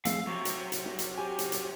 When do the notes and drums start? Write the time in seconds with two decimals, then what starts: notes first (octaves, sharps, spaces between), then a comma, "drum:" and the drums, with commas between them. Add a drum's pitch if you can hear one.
0.05 F3 G#3 A3 C4 F5 E6, drum: hi-hat
0.27 C3 F#3 C#6
0.45 drum: hi-hat
0.72 drum: hi-hat
0.85 drum: snare
0.99 drum: hi-hat
1.18 G4 G#5
1.39 drum: hi-hat
1.52 drum: hi-hat